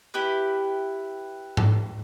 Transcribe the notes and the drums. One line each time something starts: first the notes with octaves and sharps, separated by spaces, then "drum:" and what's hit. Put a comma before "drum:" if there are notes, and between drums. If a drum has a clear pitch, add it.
E4 G4 B4
drum: tom G#2